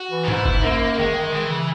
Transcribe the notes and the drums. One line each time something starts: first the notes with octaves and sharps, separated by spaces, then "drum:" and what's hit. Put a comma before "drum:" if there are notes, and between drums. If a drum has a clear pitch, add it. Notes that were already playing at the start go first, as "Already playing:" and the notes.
Already playing: F#4
E3
D#4
G#2 E4, drum: tom A2
drum: kick F#1
F#2 A#3
D#3 G#3
D#3
D#3 E3
C#3